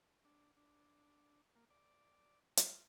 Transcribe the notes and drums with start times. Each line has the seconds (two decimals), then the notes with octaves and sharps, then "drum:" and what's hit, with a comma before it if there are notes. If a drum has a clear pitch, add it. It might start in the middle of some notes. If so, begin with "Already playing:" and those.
0.25 D4
0.57 D4
1.55 A#3
1.70 D5
2.57 F4, drum: hi-hat